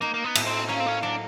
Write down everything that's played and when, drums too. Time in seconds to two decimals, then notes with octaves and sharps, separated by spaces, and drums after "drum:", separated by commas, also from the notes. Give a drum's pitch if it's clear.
0.01 A#3 D#4
0.14 A#3
0.24 B3
0.35 A2, drum: cymbal
0.47 C4
0.69 A#3 C#4
0.80 C4
0.86 C#4
1.03 F#3 D4